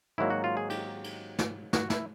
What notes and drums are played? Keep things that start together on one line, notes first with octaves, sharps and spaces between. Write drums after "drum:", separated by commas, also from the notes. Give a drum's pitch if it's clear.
G#2 D#3 F#3 A#3 E4
F#4
F4
G#4
G4, drum: cymbal
drum: cymbal
drum: snare
F#4, drum: snare
E4, drum: snare